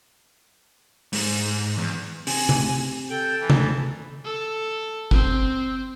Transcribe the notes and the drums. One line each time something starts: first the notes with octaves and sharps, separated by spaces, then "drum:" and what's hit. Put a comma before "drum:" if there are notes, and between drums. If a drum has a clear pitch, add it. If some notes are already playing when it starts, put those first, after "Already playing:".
G#2, drum: open hi-hat
E2
C3 G#5, drum: open hi-hat
drum: tom C3
A4 G5
E3
drum: tom C3
A4
C4, drum: kick